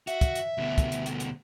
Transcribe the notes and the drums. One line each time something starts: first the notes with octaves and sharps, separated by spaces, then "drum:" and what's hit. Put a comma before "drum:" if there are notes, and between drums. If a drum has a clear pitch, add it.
F#4 E5, drum: hi-hat
drum: kick, hi-hat
drum: hi-hat
D2 B2
drum: kick, hi-hat
drum: hi-hat
drum: hi-hat
drum: hi-hat